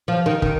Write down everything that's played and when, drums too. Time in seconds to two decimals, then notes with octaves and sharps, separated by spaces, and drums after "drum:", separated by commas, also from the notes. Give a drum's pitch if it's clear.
0.08 F3
0.26 D#3
0.42 D#3, drum: kick